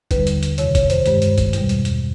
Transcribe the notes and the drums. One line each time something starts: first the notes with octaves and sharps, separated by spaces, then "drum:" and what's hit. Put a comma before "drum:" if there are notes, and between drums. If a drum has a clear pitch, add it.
D#2 D3 G3 B4, drum: kick, hi-hat
drum: hi-hat
drum: hi-hat
F2 C3 D#3 C#5, drum: hi-hat
C#5, drum: kick, hi-hat
C5, drum: hi-hat
G2 D#3 G#3 C5, drum: hi-hat
drum: hi-hat
drum: kick, hi-hat
E2 B2 G3, drum: hi-hat
drum: hi-hat
drum: hi-hat